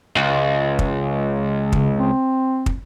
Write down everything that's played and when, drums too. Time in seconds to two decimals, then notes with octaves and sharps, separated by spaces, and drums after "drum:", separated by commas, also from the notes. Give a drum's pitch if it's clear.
0.16 C#2
0.79 drum: kick
1.72 C#3, drum: kick
1.96 C4
2.66 drum: kick